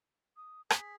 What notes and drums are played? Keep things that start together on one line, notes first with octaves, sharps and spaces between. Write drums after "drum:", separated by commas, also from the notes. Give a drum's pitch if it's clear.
D#6
G#4 B6, drum: rim click